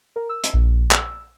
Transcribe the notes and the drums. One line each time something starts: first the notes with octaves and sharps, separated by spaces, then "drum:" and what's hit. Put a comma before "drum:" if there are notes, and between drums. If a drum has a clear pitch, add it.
A#4
E6
drum: hi-hat
A#1
E6, drum: clap